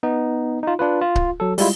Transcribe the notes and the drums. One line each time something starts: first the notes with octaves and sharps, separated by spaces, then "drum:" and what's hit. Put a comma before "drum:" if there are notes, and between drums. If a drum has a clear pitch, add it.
B3 D#4
D#4 F4
D4 F4 B4
F4
drum: kick C#1
F#3 A4
G3 G#3 E4 F4, drum: open hi-hat